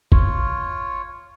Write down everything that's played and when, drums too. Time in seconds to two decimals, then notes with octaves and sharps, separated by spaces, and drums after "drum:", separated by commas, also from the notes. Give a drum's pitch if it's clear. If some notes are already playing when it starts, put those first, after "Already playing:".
0.12 F4 C#5, drum: kick